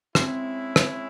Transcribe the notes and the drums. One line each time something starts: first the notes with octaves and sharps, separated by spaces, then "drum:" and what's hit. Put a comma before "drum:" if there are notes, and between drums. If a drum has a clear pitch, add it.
G#3 C4 C#4 E4, drum: rim click
drum: rim click